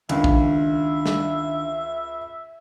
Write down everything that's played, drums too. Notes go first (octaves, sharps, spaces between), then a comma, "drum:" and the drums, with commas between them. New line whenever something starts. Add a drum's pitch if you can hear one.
C#2 D#3 D4 E5 F5, drum: cymbal
drum: kick A#1
drum: snare